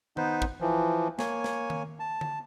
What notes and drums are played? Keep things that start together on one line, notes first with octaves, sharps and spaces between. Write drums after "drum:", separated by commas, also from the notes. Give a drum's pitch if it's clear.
B3 D#4 B4 C5, drum: tom D#3
drum: kick
E3 F3
A#3 C#5 G#5, drum: snare
drum: snare
drum: tom D#3
A5
drum: tom D3